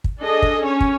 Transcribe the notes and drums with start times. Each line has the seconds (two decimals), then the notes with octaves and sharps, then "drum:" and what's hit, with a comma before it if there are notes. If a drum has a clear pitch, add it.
0.04 drum: kick
0.21 D4 G#4 A4 D#5
0.42 drum: kick
0.61 C#4 C#5
0.81 drum: kick